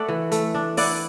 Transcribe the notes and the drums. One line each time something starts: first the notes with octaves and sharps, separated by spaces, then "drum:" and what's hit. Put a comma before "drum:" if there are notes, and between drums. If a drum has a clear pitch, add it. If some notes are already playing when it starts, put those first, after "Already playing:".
Already playing: A3 D5 F#5
E3
A3, drum: hi-hat
D4
E4 D5 F#5, drum: open hi-hat